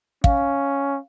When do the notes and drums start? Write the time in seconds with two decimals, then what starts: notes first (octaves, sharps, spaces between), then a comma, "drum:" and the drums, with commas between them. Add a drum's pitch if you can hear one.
0.24 C#4 F5, drum: kick